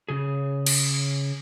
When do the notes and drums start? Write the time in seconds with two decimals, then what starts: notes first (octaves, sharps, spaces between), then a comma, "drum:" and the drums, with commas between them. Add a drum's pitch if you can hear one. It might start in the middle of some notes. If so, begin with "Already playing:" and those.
0.09 C#3 G#4
0.66 drum: cymbal